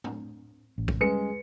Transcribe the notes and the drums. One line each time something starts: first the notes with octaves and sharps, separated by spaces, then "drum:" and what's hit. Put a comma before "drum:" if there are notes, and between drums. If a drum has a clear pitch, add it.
D4, drum: tom
A1
drum: kick
G3 G#3 C#4 B4 C#7